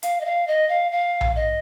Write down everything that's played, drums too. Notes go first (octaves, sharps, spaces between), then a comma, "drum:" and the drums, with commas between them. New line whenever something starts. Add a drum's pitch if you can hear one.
F5, drum: hi-hat
D#5
F5
D#5
F5
F5
drum: tom A#1
D#5